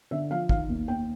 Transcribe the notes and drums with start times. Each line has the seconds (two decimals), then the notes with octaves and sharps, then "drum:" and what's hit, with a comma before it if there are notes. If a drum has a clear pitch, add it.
0.11 D3 E5
0.31 F3 F5
0.49 D#3 F5, drum: kick
0.69 D#2
0.88 D#2 G5